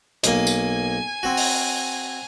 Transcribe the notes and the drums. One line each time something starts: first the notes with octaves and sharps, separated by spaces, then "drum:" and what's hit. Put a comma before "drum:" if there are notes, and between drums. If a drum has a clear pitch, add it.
B1 A#3 G#5, drum: hi-hat
drum: tambourine
C4 F#4
drum: open hi-hat